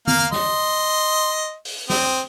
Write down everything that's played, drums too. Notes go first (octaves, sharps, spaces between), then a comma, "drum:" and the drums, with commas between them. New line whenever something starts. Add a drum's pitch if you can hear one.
A#3 F5 F6, drum: tom D#3
D#5 C6, drum: snare
drum: open hi-hat
C4 D#6, drum: snare